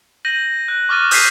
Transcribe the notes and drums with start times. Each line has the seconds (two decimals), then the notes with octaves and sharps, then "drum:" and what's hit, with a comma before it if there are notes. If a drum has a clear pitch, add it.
0.25 G6 A#6 D#7 F#7
0.68 F#6
0.89 C#6 D6 F6 A6 D#7
1.11 D#6 G6 B6 C7 D#7, drum: open hi-hat